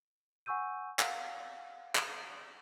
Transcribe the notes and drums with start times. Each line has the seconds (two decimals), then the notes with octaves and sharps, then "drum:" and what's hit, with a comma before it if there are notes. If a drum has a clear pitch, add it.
0.46 F#5 G#5 C#6 E6 G6 D#7
0.99 F5 F#5, drum: clap
1.95 drum: clap